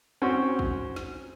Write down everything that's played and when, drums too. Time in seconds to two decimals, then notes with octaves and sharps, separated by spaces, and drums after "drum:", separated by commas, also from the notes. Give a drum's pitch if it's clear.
0.22 C4 C#4 F#4
0.59 drum: kick
0.96 drum: snare